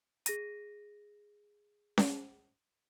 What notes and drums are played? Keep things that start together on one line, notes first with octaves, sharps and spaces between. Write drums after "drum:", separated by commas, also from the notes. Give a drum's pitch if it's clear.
G#4 A#6 D#7, drum: hi-hat
drum: snare C#4